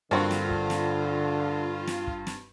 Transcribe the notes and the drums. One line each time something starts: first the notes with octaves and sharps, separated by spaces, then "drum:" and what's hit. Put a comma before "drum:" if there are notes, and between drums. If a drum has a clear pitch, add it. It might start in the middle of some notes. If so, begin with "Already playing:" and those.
G2 D3 A#3 C4 F4 F#4
drum: snare
drum: kick
drum: snare
drum: snare
drum: kick
drum: snare